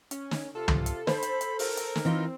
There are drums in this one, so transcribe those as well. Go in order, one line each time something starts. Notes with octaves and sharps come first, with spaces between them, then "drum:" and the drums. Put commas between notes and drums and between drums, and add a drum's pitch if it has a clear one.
C#4, drum: hi-hat
drum: snare
C3 F4 A4
drum: tom
drum: hi-hat
C5 B5, drum: snare
drum: hi-hat
drum: hi-hat
A#4, drum: open hi-hat
drum: hi-hat
drum: snare
E3 C4 D#4 F4